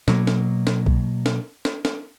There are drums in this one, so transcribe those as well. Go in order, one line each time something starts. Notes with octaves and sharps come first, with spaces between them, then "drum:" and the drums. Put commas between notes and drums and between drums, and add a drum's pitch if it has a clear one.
B2 F#3 A#3, drum: snare
drum: snare
drum: snare
drum: kick
drum: snare
drum: snare
drum: snare